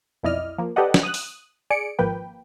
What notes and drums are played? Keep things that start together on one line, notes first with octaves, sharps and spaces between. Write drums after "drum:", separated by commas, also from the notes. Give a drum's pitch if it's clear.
B1 F2 E4 D5 D#5 F6
F3 A#3
G4 A4 B4 D5 D#5 F#5
drum: snare
D#6 F#6
drum: open hi-hat
G#4 D5 C#7 D7
G#1 F3 A#3 B4 G5